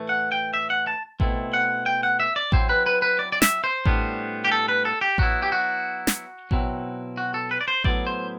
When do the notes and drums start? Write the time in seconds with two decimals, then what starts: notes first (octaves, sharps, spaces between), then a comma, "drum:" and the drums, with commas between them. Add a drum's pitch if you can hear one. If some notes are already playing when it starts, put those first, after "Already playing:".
Already playing: A2 E3 A3
0.09 F#5
0.32 G5
0.54 E5
0.70 F#5
0.87 A5
1.20 B2 A3 C4 E4, drum: kick A1
1.54 F#5
1.86 G5
2.03 F#5
2.20 E5
2.36 D5
2.52 F#3 C4 E4 C5, drum: kick A1
2.69 B4
2.86 B4
3.02 B4
3.19 D5
3.32 D5
3.42 E5, drum: snare
3.64 C5
3.85 A2 G3 B3 D4, drum: kick A1
4.45 G4
4.52 A4
4.68 B4
4.85 A4
5.01 G4
5.18 F#3 B3 E4 F#4, drum: kick A1
5.42 G4
5.52 F#4
6.07 drum: snare
6.51 B2 F#3 C4 E4, drum: kick A1
7.17 F#4
7.34 A4
7.51 B4
7.61 D5
7.68 C5
7.84 A2 F#3 B3 E4 D5, drum: kick A1
8.07 C5